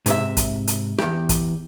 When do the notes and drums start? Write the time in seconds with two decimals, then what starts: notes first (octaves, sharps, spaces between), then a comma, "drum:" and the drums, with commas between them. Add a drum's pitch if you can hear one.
0.06 G#2 C3 E5, drum: hi-hat
0.37 drum: kick, hi-hat
0.67 drum: hi-hat
0.98 E2 G4, drum: rim click
1.29 drum: kick, hi-hat